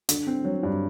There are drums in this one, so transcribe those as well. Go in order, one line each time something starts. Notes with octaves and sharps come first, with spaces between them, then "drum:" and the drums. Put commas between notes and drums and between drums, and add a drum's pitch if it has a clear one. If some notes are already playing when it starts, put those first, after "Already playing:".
D3, drum: hi-hat
C4
F#3
G2